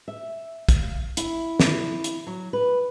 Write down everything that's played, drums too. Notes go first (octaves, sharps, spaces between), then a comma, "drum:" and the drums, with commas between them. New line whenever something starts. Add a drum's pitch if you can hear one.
E5
F5, drum: kick, hi-hat
E4, drum: hi-hat
drum: snare
drum: hi-hat
F#3
B4